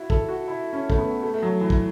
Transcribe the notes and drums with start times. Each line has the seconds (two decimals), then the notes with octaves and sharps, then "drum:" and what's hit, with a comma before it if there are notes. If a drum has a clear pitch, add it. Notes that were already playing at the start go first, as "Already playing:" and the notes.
Already playing: E4 F#4
0.10 A4, drum: kick
0.29 F#4
0.48 E4
0.73 C#4
0.90 A3, drum: kick
0.98 B3
1.23 A3
1.34 A3
1.43 F#3
1.61 E3
1.70 drum: kick